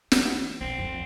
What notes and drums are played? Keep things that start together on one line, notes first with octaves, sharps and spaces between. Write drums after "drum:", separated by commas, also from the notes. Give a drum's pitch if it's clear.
E3, drum: snare
B1 C4
F2